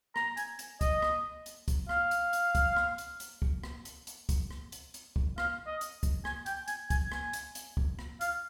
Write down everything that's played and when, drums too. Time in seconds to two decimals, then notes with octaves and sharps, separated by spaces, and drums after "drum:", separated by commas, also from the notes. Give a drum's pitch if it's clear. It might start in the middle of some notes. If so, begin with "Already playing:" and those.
0.16 A#5, drum: rim click
0.37 G#5, drum: hi-hat
0.59 drum: hi-hat
0.81 D#5, drum: kick, hi-hat
1.02 drum: rim click
1.46 drum: hi-hat
1.68 drum: kick, hi-hat
1.89 F5, drum: rim click
2.11 drum: hi-hat
2.33 drum: hi-hat
2.55 drum: kick, hi-hat
2.76 drum: rim click
2.98 drum: hi-hat
3.20 drum: hi-hat
3.42 drum: kick
3.64 drum: rim click
3.85 drum: hi-hat
4.07 drum: hi-hat
4.29 drum: kick, hi-hat
4.51 drum: rim click
4.72 drum: hi-hat
4.94 drum: hi-hat
5.16 drum: kick
5.38 F5, drum: rim click
5.67 D#5
5.81 drum: hi-hat
6.03 drum: kick, hi-hat
6.25 G#5, drum: rim click
6.46 G5, drum: hi-hat
6.68 G#5, drum: hi-hat
6.90 G#5, drum: kick, hi-hat
7.12 G#5, drum: rim click
7.33 drum: hi-hat
7.55 drum: hi-hat
7.77 drum: kick
7.99 drum: rim click
8.21 F5, drum: hi-hat